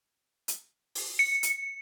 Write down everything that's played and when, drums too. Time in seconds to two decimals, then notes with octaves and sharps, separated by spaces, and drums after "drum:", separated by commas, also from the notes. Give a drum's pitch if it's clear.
0.48 drum: hi-hat
0.95 drum: open hi-hat
1.19 C#7
1.43 drum: hi-hat